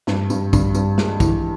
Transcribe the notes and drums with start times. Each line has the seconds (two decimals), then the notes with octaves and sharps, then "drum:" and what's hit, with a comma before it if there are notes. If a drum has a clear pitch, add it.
0.07 G2, drum: snare
0.30 G2, drum: tambourine
0.53 G2, drum: kick, tambourine
0.75 G2, drum: tambourine
0.98 G#3, drum: snare
1.20 E3, drum: kick, tambourine